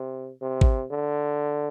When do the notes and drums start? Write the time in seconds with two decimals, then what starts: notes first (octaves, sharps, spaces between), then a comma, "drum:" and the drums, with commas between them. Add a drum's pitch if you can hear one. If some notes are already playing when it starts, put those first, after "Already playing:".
Already playing: C3
0.41 C3
0.61 drum: kick G#1
0.90 D3